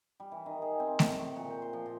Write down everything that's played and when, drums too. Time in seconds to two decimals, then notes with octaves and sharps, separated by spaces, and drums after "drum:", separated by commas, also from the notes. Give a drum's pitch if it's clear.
0.20 G3
0.32 E3
0.46 D#3
0.62 G#4
0.80 C4
0.99 A2, drum: snare A3
1.19 C#6
1.36 A#2
1.50 C5
1.62 C6
1.73 F3
1.86 A#2